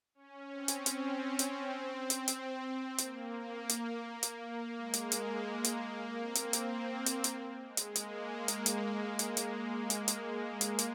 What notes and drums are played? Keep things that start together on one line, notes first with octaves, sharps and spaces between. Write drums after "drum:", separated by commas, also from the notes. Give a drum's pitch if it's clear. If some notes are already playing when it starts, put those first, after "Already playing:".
C#4
C4
drum: hi-hat
C#4, drum: hi-hat
C#4
drum: hi-hat
C4
drum: hi-hat
drum: hi-hat
A#3, drum: hi-hat
drum: hi-hat
drum: hi-hat
A#3
G#3
drum: hi-hat
A#3, drum: hi-hat
A#3
drum: hi-hat
A#3
C4
drum: hi-hat
drum: hi-hat
drum: hi-hat
drum: hi-hat
G#3
drum: hi-hat
A#3, drum: hi-hat
drum: hi-hat
drum: hi-hat
drum: hi-hat
drum: hi-hat
drum: hi-hat
drum: hi-hat
drum: hi-hat
drum: hi-hat